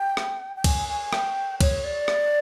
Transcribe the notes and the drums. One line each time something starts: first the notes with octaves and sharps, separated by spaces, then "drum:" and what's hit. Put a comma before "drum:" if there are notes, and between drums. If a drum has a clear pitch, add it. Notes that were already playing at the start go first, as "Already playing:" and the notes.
Already playing: G5
drum: rim click
G5
G#5, drum: kick C2, cymbal
G#5
G5, drum: rim click
C#5, drum: kick C2, cymbal
D5
drum: rim click